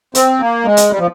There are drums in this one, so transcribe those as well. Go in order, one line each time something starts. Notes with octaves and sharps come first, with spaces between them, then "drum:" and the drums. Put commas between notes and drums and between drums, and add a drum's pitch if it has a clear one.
C4, drum: hi-hat
A#3
G#3
drum: hi-hat
G3
F3